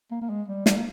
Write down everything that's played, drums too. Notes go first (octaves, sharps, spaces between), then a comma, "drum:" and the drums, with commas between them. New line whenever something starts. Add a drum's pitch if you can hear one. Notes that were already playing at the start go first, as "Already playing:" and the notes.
A#3
A#3
G#3
G3
G3, drum: snare
A#3